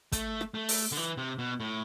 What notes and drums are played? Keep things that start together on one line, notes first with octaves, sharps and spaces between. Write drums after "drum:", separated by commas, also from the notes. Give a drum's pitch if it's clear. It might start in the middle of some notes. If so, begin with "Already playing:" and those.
A3, drum: kick, hi-hat
drum: rim click
A3
drum: open hi-hat
D3
E3
C3
B2
A2